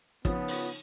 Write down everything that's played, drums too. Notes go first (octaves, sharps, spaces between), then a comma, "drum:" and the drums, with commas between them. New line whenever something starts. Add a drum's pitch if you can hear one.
C#3 F3 B3 D#4 C#5 D#6, drum: kick, hi-hat
drum: open hi-hat